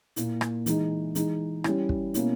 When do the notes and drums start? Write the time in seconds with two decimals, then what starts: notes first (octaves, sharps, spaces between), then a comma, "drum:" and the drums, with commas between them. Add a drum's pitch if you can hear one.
0.16 A#2 A#3 E4, drum: hi-hat
0.41 drum: rim click
0.66 E3 G#3 D#4, drum: hi-hat
1.15 E3 G#3 D#4, drum: hi-hat
1.64 G3 C#4 E4, drum: rim click
1.89 drum: kick
2.14 B2 A#3 C#4 E4, drum: hi-hat